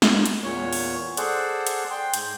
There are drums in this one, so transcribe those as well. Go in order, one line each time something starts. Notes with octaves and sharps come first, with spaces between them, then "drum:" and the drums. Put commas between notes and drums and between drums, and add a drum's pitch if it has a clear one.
drum: snare
drum: hi-hat
E2 A#2 C#5
drum: open hi-hat
G#4 A4 C5 D5 F#5, drum: hi-hat
drum: hi-hat
G5 C6
G#2 G6, drum: hi-hat